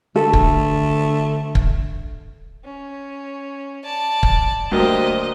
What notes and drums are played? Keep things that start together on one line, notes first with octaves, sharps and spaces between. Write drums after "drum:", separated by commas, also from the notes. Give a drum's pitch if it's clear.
D3 A3 A4
drum: kick
drum: kick
C#4
D5 A5
drum: kick
D2 F#3 A#3 G4 C5 D#5